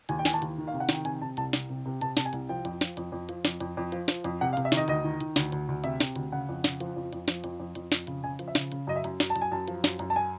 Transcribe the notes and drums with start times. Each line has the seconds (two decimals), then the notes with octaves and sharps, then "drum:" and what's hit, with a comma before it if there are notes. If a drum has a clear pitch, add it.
0.09 D#2 G#5, drum: hi-hat
0.19 G5
0.25 E3 G#5, drum: snare
0.34 A5
0.42 D#2, drum: hi-hat
0.58 D#3
0.68 F5
0.73 C3
0.80 F#5
0.89 D#3 G5, drum: snare
1.05 C3 G#5, drum: hi-hat
1.21 C3 A5
1.37 C2 A5, drum: hi-hat
1.53 C2, drum: snare
1.70 C3
1.86 C3
2.01 C3 A5, drum: hi-hat
2.17 C3 A5, drum: snare
2.25 G#5
2.33 C2, drum: hi-hat
2.49 F3 G5
2.65 F2, drum: hi-hat
2.81 F3, drum: snare
2.97 F2, drum: hi-hat
3.12 F2
3.29 F3, drum: hi-hat
3.45 F2, drum: snare
3.61 F2, drum: hi-hat
3.77 F2
3.92 F3, drum: hi-hat
4.08 F3, drum: snare
4.24 F2, drum: hi-hat
4.41 C3 F#5
4.53 F5
4.57 C3, drum: hi-hat
4.65 E5
4.72 D#3, drum: snare
4.77 D#5
4.88 D2 D#5, drum: hi-hat
5.04 D#3
5.21 D#3, drum: hi-hat
5.36 D2, drum: snare
5.52 D2, drum: hi-hat
5.68 D2
5.84 C3 E5, drum: hi-hat
6.00 C3, drum: snare
6.16 D2, drum: hi-hat
6.32 C#3 F#5
6.49 F2
6.64 C#3, drum: snare
6.80 F3, drum: hi-hat
6.96 F2
7.13 F2, drum: hi-hat
7.28 F3, drum: snare
7.44 F2, drum: hi-hat
7.60 F2
7.75 F2, drum: hi-hat
7.92 F2, drum: snare
8.07 C#3, drum: hi-hat
8.23 C#3 G#5
8.39 F3, drum: hi-hat
8.48 E5
8.55 C#3, drum: snare
8.72 C#3, drum: hi-hat
8.87 F#2 D#5
8.96 E5
9.04 F#2, drum: hi-hat
9.20 F#2, drum: snare
9.30 A5
9.36 F#2, drum: hi-hat
9.41 G#5
9.52 F#2 A5
9.68 F3, drum: hi-hat
9.84 F#2, drum: snare
9.99 F#2, drum: hi-hat
10.10 A5
10.16 G#5